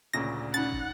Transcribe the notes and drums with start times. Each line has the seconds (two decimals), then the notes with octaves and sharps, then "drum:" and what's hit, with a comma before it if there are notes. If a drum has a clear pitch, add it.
0.13 D2 A#2 C#3 A#6
0.54 C#4 D#4 F#5 A6
0.73 drum: kick